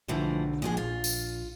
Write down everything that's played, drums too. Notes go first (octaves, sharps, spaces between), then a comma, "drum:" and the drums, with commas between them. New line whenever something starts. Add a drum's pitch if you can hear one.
B1 A2 D3 E3 F3
D2 A#2 E3 F3 G#3 G#4
A#1 F4
drum: tambourine